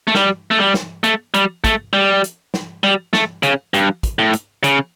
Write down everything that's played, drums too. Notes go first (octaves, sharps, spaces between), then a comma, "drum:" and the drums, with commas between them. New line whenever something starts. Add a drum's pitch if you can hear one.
A3
G3, drum: snare
A3
G3
drum: snare
A3, drum: hi-hat
G3, drum: hi-hat
A3, drum: kick, hi-hat
G3
drum: hi-hat
drum: snare
G3
A3, drum: snare
C#3, drum: hi-hat
G2, drum: hi-hat
drum: kick, hi-hat
A2
drum: hi-hat
C#3, drum: hi-hat